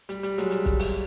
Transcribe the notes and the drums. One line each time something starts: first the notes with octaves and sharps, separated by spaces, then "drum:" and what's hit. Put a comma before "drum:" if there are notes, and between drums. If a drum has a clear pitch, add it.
G3, drum: hi-hat
G3, drum: hi-hat
F#3 G#3, drum: hi-hat
G3, drum: hi-hat
drum: kick, hi-hat
drum: open hi-hat